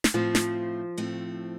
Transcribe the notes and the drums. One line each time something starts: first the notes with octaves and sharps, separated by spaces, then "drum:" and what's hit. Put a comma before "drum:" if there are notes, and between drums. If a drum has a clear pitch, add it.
drum: snare
A2 F3 A3 C4
drum: snare
A2 A3 C4